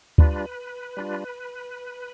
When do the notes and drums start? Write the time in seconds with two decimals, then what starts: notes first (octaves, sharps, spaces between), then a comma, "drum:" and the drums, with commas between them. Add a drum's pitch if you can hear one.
0.18 G3 D4 F4 B4, drum: kick
0.97 G3 D4 F4